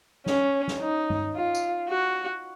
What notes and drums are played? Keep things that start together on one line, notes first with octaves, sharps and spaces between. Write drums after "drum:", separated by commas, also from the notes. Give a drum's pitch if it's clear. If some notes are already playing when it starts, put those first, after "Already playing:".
C#4, drum: snare
drum: snare
D#4
drum: tom G2
F4
drum: tambourine
F#4